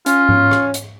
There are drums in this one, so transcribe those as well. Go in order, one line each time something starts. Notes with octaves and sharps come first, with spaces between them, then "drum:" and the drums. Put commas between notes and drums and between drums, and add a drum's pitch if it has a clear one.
C#4 F4, drum: hi-hat
drum: tom G#2
drum: rim click
drum: hi-hat